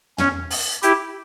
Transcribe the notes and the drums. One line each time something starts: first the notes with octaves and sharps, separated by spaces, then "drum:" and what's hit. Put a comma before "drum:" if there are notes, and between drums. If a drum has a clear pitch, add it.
C#4, drum: tom
drum: open hi-hat
E4 G4, drum: hi-hat